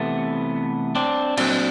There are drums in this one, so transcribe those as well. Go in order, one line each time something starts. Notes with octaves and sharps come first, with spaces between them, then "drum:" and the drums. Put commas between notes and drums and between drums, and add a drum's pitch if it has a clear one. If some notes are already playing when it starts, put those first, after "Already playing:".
Already playing: C3 E3 A3 B3
C4 D4
A#2 F#3 C4 D4, drum: cymbal